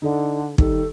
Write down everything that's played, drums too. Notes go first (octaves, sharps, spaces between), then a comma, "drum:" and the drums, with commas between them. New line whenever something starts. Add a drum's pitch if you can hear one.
D3 D#4 A4 D5
D#3 G3 A4, drum: kick